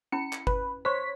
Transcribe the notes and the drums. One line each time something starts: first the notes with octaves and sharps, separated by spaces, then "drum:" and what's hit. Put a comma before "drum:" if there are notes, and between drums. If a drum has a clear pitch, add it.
C#4 E4 B5 C#7
drum: clap
B4, drum: kick G1
C5 C#5 B5 C6 B6